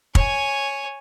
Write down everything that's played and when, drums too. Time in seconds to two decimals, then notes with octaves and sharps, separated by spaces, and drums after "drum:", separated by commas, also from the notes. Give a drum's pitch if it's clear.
0.15 C#5 G#5, drum: kick